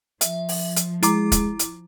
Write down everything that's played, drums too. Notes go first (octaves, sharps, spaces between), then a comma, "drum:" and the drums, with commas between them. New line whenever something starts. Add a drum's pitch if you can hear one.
F3 E5, drum: hi-hat
drum: open hi-hat
drum: hi-hat
G#3 E4 A#5 D6, drum: hi-hat
drum: kick, hi-hat
drum: hi-hat